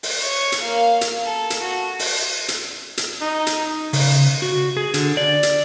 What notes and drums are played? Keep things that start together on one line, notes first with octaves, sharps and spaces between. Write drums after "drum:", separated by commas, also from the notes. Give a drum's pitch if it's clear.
drum: open hi-hat
C#5 C#6
drum: hi-hat
A#3 F5
drum: hi-hat
A4
drum: hi-hat
F#4
drum: open hi-hat
drum: hi-hat
drum: hi-hat
D#4
drum: hi-hat
C#3, drum: open hi-hat
F#4
G#4
D3, drum: hi-hat
D5
drum: hi-hat